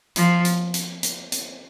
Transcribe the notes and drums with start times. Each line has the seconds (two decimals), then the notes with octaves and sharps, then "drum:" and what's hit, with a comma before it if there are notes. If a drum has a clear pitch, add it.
0.16 F3, drum: hi-hat
0.45 drum: hi-hat
0.74 drum: hi-hat
1.03 drum: hi-hat
1.32 drum: hi-hat